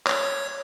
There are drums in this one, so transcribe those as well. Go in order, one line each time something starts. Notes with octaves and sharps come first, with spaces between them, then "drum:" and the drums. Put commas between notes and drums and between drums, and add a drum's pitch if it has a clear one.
C#5, drum: clap